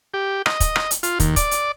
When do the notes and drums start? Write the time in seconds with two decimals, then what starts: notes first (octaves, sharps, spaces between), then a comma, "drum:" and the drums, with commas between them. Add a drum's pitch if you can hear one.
0.14 G4
0.46 D#5, drum: rim click
0.60 drum: kick, hi-hat
0.76 drum: rim click
0.91 drum: hi-hat
1.03 F4, drum: hi-hat
1.20 D#2, drum: kick, hi-hat
1.36 D5, drum: kick, hi-hat
1.51 drum: hi-hat